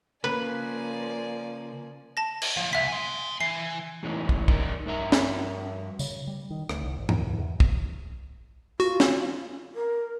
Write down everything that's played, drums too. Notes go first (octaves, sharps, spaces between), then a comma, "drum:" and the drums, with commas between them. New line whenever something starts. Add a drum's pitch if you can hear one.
C#3 F3 A#3 C#4 B4 D5 G#5
A5 A#6
drum: cymbal
F3
C2 E5 B6
G#5 C6
E3 C7
E2 A2 E3 G#3 C#4 D#4
drum: kick
C#4 D#4 G4 A#4 D5 D#5, drum: kick
G2 A#4 E5 A#5
drum: snare
C#3, drum: tambourine
G3
D#3
D2, drum: rim click
C2
G#1
D#2, drum: tom G#2
C#2
E2
drum: kick
F4 F#4
drum: snare
A#4